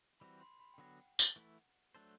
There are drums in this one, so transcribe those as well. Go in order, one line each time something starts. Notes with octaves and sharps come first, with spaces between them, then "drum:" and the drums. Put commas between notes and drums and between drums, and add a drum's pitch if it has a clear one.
E3 G3 C4 F#4 B5
C6
B5
G5
D3 F#3 B3 F#4 F#5
drum: tambourine
E3 A3 E4
F#3 A3 D4 A4 C5